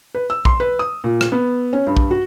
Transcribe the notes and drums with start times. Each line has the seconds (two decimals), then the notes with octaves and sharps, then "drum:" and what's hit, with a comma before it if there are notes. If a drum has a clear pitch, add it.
0.15 B4
0.30 E6
0.45 C6, drum: kick A#1
0.60 B4
0.79 D#6
1.04 A#2
1.21 drum: rim click
1.32 B3
1.73 C#4
1.87 G2
1.97 drum: kick A#1
2.11 F#4